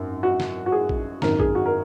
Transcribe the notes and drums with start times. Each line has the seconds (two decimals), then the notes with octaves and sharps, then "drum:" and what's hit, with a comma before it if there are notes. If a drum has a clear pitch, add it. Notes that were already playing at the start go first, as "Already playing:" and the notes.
Already playing: G#1 F#2
0.23 F#4
0.40 drum: snare
0.66 F#4
0.72 G#4
0.89 drum: kick
1.22 G#1 F#2 D#3 A#4, drum: snare
1.40 G#4, drum: kick
1.55 F#4
1.66 A#4